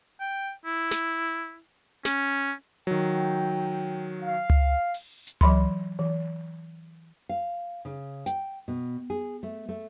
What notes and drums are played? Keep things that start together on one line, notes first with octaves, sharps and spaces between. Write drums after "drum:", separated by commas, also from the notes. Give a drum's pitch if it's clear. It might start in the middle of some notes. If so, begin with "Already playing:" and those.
G5
E4
drum: snare
C#4, drum: snare
D#3 F#3 G5
F5
drum: tom C#2
drum: open hi-hat
drum: hi-hat
E3 F#3 B5 C6, drum: tom C#2
E3
F5
C#3
G5, drum: hi-hat
B2
G#4
A3
A3